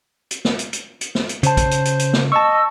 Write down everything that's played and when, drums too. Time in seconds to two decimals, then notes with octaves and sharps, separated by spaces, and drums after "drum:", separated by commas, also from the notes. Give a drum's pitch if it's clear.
0.31 drum: hi-hat
0.45 drum: snare
0.59 drum: hi-hat
0.73 drum: hi-hat
1.01 drum: hi-hat
1.15 drum: snare
1.29 drum: hi-hat
1.43 C#3 C5 A5, drum: hi-hat
1.57 drum: kick A#1, hi-hat
1.71 drum: hi-hat
1.85 drum: hi-hat
1.99 drum: hi-hat
2.13 drum: snare
2.32 D#5 A5 C#6 E6